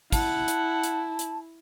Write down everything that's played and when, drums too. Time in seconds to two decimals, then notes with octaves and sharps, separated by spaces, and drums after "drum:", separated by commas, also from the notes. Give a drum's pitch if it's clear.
0.12 E4 F#5 A5, drum: kick, hi-hat
0.48 drum: hi-hat
0.83 drum: hi-hat
1.19 drum: hi-hat